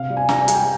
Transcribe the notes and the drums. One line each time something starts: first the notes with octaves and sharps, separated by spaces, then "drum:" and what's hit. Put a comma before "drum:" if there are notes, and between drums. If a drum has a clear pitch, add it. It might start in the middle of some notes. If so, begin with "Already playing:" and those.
Already playing: C3 F5
G3
G#5
G3 A#5, drum: snare
G#5
G3, drum: hi-hat
G5